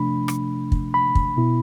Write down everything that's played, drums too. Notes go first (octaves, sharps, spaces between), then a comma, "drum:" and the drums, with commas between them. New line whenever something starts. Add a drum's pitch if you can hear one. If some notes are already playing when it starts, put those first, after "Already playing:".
Already playing: C3 F3 A3 D4 B5
drum: rim click
drum: kick
B5
drum: kick
B2 B3 E4